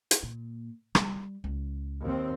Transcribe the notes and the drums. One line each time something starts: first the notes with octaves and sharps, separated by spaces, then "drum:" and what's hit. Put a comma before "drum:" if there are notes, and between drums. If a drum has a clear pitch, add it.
drum: hi-hat
A#2
G3, drum: rim click
C#2
D#2 C4